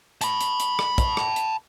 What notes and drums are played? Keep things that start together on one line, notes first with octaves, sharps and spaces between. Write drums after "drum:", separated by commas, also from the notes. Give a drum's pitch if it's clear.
A5 B5, drum: hi-hat
drum: hi-hat
drum: hi-hat
drum: rim click
drum: kick, hi-hat
drum: rim click
drum: hi-hat